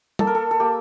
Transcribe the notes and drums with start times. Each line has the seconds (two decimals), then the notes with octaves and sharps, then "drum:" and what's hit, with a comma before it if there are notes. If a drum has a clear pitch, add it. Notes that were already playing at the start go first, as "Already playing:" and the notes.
0.19 A#3 A4, drum: tom
0.27 A#4
0.35 A4
0.51 A4
0.60 A#3 G4